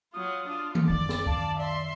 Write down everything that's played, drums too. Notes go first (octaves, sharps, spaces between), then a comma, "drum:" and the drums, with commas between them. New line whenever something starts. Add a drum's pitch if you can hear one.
F#3 F4 D#6
D4 F4
drum: tom D#3
F#2 D#3 D5 D6 A6
drum: snare
F5 A5, drum: kick C#2
D5 E5 C6